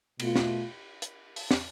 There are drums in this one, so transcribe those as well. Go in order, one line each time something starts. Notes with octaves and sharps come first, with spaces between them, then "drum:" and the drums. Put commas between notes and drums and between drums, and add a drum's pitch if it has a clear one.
B2 A3 F4, drum: cymbal
drum: snare
drum: hi-hat
drum: open hi-hat
drum: snare